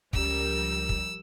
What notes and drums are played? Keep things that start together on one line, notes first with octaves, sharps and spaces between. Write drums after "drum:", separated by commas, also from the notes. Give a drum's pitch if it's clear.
C#2 F3 G3 A#4 E6, drum: kick
drum: kick